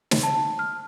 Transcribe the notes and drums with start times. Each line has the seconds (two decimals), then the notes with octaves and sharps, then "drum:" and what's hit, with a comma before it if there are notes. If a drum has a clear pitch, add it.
0.11 drum: snare
0.23 A5
0.59 F6